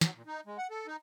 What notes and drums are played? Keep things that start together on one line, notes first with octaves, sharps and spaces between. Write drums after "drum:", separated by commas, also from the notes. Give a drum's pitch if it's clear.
F#3, drum: snare
A#2
D#4
G#3
F#5
A4
D#4